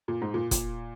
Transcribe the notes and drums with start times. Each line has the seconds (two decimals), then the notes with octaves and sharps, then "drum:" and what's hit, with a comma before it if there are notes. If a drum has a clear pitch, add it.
0.08 A#2
0.22 G#2
0.34 A#2
0.51 A#2, drum: kick, hi-hat